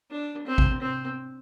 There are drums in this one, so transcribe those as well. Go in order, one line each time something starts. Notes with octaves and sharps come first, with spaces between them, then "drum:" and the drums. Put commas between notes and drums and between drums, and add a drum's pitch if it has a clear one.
D4
C4
drum: kick G#1
C4